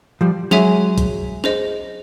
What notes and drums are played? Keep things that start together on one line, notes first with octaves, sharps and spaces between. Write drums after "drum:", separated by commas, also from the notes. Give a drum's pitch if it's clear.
F3 G3
F#3 G#3 G#4 C#5 E5 G#5, drum: snare
drum: kick B1, hi-hat
G#4 C5 D#5, drum: snare